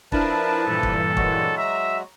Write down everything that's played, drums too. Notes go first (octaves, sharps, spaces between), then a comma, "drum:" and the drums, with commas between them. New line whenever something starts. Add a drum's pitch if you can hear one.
F3 D4 E4 A#4 B4 A5, drum: kick
G2 A#2 E3 A4
drum: kick
F#3 G#3 F#4, drum: kick
E5 A#5